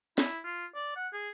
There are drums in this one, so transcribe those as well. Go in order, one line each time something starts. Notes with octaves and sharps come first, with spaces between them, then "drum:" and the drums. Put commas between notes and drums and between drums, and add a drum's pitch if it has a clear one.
E4, drum: snare
F4
D5
F#5
G#4